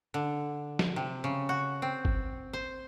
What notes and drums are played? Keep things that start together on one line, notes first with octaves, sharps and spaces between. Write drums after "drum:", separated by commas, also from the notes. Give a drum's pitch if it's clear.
D3
drum: snare
C3
C#3
F#4
C4
drum: kick G1
C5